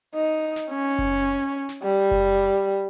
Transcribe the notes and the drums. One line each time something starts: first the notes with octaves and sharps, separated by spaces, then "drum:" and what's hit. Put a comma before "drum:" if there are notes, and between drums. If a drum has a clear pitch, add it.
D#4
drum: snare
C#4
drum: kick F#1
drum: snare
G3
drum: kick F#1